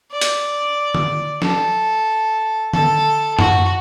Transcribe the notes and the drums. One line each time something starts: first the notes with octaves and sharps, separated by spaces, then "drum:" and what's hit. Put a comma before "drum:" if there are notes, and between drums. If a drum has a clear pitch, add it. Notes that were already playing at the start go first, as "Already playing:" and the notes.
D5
drum: hi-hat
drum: tom D3
A4, drum: snare
A4, drum: tom D3
F#4, drum: tom